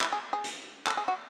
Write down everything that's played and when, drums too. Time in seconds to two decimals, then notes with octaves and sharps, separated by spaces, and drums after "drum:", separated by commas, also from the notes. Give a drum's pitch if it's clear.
0.01 E4, drum: clap
0.12 G#4
0.33 G#4
0.44 drum: hi-hat
0.87 A4, drum: clap
0.97 G#4
1.08 F#4